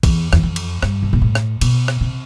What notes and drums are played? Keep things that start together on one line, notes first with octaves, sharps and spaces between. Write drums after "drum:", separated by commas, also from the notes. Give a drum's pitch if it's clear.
E2, drum: kick, cymbal
E2, drum: rim click
F2
drum: cymbal
G2, drum: rim click
C3
B2
A2
drum: rim click
B2, drum: cymbal
drum: rim click
C3